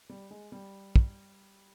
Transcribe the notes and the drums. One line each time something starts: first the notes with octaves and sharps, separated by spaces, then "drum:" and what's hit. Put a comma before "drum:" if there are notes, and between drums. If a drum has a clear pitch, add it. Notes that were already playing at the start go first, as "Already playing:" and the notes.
G3
G#3
G3
drum: kick